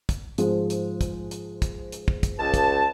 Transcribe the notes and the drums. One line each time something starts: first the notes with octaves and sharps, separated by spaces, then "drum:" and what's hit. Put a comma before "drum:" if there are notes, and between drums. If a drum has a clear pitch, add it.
drum: kick, hi-hat
G#2 F3 G#3, drum: hi-hat
drum: hi-hat
drum: kick, hi-hat
drum: hi-hat
drum: kick, hi-hat
drum: hi-hat
drum: kick
drum: kick, hi-hat
C#2 A5
drum: kick, hi-hat